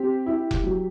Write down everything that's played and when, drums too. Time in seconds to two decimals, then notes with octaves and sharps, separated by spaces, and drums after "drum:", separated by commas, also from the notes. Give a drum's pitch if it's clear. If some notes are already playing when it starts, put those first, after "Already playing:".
Already playing: C4 G4
0.26 E4
0.51 drum: kick F1
0.64 F#3